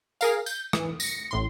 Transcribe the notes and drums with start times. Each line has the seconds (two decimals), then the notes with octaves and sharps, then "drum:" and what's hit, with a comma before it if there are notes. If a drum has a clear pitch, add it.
0.21 G#4 A#4 F5, drum: tambourine
0.46 G6, drum: tambourine
0.73 E3, drum: rim click
1.00 A#6 C#7, drum: tambourine
1.31 A1 A2 C6